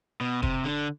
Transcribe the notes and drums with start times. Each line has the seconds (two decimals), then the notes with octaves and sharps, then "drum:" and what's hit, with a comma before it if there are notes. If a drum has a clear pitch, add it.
0.21 B2
0.43 C3, drum: kick
0.64 D3